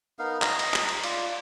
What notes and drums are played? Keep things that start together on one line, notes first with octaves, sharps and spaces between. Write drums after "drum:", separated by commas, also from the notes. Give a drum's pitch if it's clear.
B3 D#4 A#4 F5
D#5 A#5, drum: clap
drum: cymbal
drum: clap
drum: cymbal
F4 D5, drum: cymbal